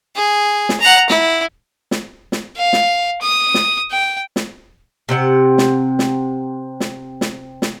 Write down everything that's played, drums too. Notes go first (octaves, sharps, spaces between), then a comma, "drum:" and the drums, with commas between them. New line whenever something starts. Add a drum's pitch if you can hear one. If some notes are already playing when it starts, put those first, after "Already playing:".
G#4
drum: snare
F#5 A#5
E4, drum: snare
drum: snare
drum: snare
F5
drum: snare
D#6
drum: snare
G5
drum: snare
C3 C4 F#5
drum: snare
drum: snare
drum: snare
drum: snare
drum: snare